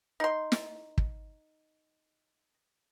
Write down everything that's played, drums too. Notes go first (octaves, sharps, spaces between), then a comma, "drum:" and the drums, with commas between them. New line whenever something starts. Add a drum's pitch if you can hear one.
D#4 C6
drum: snare
drum: kick